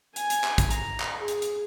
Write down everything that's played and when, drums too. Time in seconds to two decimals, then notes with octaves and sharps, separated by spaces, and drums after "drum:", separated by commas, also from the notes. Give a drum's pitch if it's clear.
0.16 G#5, drum: hi-hat
0.30 drum: hi-hat
0.44 drum: clap
0.58 drum: kick, hi-hat
0.71 A#5, drum: hi-hat
1.00 drum: clap
1.17 G#4
1.28 drum: hi-hat
1.42 drum: hi-hat